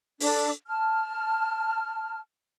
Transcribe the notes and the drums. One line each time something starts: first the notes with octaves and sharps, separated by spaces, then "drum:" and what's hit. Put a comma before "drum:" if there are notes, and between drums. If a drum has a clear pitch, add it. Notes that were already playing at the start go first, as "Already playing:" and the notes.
D4 A4, drum: open hi-hat
A5 F6